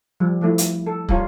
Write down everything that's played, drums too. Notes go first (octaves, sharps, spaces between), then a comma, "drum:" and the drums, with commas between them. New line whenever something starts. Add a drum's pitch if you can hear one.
F3 G3
F3 A3 E4
drum: hi-hat
A4
G3 F4 C#5, drum: kick